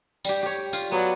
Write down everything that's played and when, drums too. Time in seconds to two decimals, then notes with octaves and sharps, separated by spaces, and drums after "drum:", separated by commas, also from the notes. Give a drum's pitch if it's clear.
0.25 G3 G4, drum: tambourine
0.43 G4 C#5
0.73 F4, drum: tambourine
0.92 F#3 B3 D5